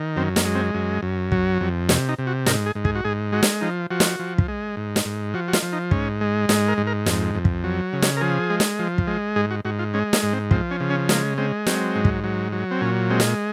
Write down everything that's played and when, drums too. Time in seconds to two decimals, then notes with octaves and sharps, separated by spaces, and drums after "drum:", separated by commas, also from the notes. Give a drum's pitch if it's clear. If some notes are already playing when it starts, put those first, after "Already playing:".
Already playing: D#3
0.16 F#2 C4
0.36 A#3, drum: snare
0.45 G#3
0.55 C4
0.75 F#2
1.03 F#2
1.32 F#3, drum: kick
1.61 F2
1.89 C3 C#4, drum: snare
2.09 D#4
2.18 C3
2.27 F#4
2.46 G#2 A#4, drum: snare
2.66 G#4
2.75 G#2
2.85 G#4, drum: kick
2.95 F#4
3.04 G#2 G#4
3.32 G#3 F#4
3.43 drum: snare
3.61 F3 D#4
3.90 F3 F#4
4.00 drum: snare
4.20 F3
4.38 drum: kick
4.48 G#3
4.77 G#2
4.96 drum: snare
5.05 G#2
5.34 F3 F#4
5.48 F#4
5.53 F4, drum: snare
5.62 F3
5.73 D#4
5.91 G#2 C#4, drum: kick
6.21 G#3
6.49 G#2 D#4, drum: snare
6.68 A#4
6.78 G#2
6.87 A#4
7.06 F2, drum: snare
7.35 F2
7.45 drum: kick
7.64 F#3
7.93 C#3
8.02 drum: snare
8.17 A#4
8.21 F3 G#4
8.50 G#3
8.60 drum: snare
8.79 F3
8.98 drum: kick
9.07 G#3
9.36 G#2 G#4
9.51 F#4
9.65 G#2 F#4
9.79 F4
9.94 G#3 C#4
10.13 A#3, drum: snare
10.23 G#2
10.33 C4
10.51 F3 C4, drum: kick
10.71 C#4
10.80 C#3
10.90 C#4
11.09 G#3 A#3, drum: snare
11.38 G#3 C4
11.67 F#3 C4, drum: snare
11.95 G#2
12.05 drum: kick
12.24 F#3
12.52 F#3
12.71 C4
12.81 A#2 C#4
13.10 G#3 C4
13.20 drum: snare